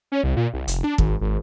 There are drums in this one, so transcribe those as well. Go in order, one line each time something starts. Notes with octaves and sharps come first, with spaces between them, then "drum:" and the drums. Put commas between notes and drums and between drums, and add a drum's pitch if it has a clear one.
C#4
C2
A#2
C2
F1, drum: hi-hat
D4
G#1, drum: kick
G#1